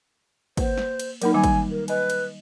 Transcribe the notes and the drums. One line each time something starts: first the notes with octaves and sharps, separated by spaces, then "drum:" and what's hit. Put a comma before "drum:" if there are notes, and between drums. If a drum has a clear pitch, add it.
A#3 B4 C5, drum: kick, cymbal
drum: snare
drum: cymbal
F#3 A#3 D#4 A#4, drum: cymbal
D#3 G3 G#5 D6
drum: kick, cymbal
A#4
B4 D#5 G#5, drum: cymbal
drum: cymbal